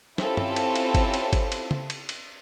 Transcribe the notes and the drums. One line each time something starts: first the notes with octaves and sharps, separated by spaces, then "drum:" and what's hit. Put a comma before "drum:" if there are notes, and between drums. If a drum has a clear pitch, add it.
C4 C#4 E4 F4 G4 A4, drum: snare
drum: tom G2
drum: cymbal
drum: cymbal
drum: kick G1, cymbal
drum: cymbal
drum: kick G1, cymbal
drum: cymbal
drum: tom
drum: cymbal
drum: cymbal